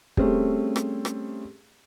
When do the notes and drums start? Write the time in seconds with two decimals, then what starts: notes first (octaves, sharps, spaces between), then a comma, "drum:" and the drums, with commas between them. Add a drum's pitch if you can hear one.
0.17 G3 A3 C4 C#4 G#4, drum: kick
0.76 drum: rim click
1.05 drum: rim click